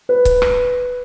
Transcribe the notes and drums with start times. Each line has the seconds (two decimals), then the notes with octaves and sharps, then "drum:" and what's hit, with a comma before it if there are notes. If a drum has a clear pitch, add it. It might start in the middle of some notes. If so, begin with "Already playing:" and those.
0.09 B4
0.25 drum: kick C#1, hi-hat
0.42 drum: rim click